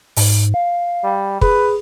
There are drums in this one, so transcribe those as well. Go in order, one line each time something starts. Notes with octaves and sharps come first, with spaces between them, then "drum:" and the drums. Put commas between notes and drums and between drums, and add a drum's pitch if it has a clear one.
G#2, drum: open hi-hat
F5
G3
G#4 B4, drum: kick